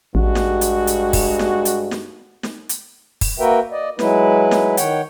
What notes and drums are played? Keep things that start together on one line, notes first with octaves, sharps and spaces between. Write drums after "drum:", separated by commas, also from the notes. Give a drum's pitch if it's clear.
A1 G2 G#3 F#4
drum: snare
drum: hi-hat
drum: hi-hat
drum: kick, open hi-hat
drum: snare
drum: hi-hat
drum: snare
drum: snare
drum: hi-hat
drum: kick, open hi-hat
A#3 F#4 A#4 B4 E5 G5
D5 D#5
F#3 G#3 E4 B4, drum: snare
drum: snare
D#3 C#5 F#5 G5, drum: hi-hat